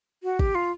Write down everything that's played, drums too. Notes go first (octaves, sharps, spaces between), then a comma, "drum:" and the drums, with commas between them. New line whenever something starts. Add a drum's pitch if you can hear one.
F#4
G4, drum: kick A1
F4